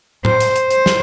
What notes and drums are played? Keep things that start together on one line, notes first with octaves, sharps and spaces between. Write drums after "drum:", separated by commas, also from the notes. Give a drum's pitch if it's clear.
C5, drum: tom A2
drum: hi-hat
drum: hi-hat
C5, drum: hi-hat
drum: snare